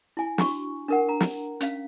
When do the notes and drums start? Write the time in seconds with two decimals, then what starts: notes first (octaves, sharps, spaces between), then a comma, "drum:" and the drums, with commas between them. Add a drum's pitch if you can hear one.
0.17 E4 G#5
0.38 D4 F#4 C#6, drum: snare
0.89 D4 A#4 F#5
1.09 A#5
1.20 drum: snare
1.60 C#4 F5, drum: hi-hat